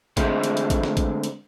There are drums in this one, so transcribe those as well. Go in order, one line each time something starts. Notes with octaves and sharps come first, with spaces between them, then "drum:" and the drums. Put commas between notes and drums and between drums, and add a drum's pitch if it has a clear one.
D3 G#3 A3 C4 C5, drum: kick A1, hi-hat
drum: hi-hat
drum: hi-hat
drum: kick A1, hi-hat
drum: snare
drum: kick A1, hi-hat
drum: hi-hat